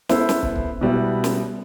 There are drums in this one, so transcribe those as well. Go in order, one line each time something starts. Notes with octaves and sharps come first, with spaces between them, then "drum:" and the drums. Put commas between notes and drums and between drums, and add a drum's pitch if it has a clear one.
B3 E4 A4 C5, drum: snare
drum: snare
drum: kick
drum: kick
B2 G3 B3 E4
drum: snare